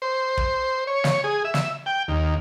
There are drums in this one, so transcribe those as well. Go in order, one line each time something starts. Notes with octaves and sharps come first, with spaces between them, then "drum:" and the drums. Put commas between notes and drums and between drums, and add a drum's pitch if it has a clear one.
C5
drum: kick
C#5
drum: snare
G#4
E5
drum: snare
G5
D#2